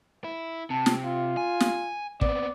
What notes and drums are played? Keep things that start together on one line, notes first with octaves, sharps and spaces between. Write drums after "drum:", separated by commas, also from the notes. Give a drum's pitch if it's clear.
E4
C3 A5
drum: snare
F4
G#5
drum: snare
B3 C4 D5, drum: kick